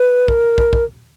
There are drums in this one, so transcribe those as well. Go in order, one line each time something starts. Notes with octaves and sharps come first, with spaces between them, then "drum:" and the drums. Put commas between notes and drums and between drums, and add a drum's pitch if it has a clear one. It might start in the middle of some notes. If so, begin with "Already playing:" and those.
Already playing: B4
A#4, drum: kick
drum: kick
drum: kick